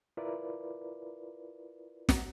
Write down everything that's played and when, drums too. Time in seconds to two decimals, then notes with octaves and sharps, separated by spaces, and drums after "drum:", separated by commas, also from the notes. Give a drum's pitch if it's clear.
0.17 E4 F4 A#4 B4 D5
2.09 drum: snare